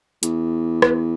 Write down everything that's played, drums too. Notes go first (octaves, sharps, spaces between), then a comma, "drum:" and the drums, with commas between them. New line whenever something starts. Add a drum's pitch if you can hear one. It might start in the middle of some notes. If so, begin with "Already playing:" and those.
E2, drum: hi-hat
drum: rim click